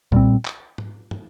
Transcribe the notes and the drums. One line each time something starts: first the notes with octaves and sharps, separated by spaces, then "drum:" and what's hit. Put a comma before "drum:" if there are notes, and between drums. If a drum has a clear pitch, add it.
A#2 G3 C4, drum: kick B1
drum: clap
drum: tom G#2
drum: tom